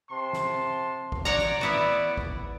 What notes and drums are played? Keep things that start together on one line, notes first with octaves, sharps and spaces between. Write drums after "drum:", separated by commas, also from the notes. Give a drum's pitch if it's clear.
C3 A5 C6
drum: snare
drum: kick
C#5 D5 F#5 A#5
drum: snare
B3 E4 F#4
drum: kick